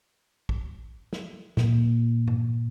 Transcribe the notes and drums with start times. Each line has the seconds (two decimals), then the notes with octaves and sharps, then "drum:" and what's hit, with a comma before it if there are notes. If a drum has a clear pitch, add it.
0.49 drum: kick
1.13 drum: snare
1.57 A#2, drum: snare
2.28 drum: tom G2